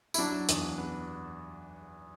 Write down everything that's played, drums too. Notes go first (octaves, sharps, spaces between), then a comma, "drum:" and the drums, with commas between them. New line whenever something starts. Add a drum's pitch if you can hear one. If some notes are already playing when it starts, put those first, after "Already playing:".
E4, drum: tambourine
F#3 D4
E2, drum: hi-hat
B3